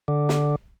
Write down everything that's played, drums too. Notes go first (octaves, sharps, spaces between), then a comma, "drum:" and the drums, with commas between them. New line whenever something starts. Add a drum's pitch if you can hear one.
D3
drum: snare